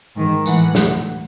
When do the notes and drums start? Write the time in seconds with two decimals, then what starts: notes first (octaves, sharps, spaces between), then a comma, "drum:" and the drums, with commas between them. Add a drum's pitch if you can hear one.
0.16 G#2 D#3
0.46 A2 E3 F#5, drum: tambourine
0.75 drum: snare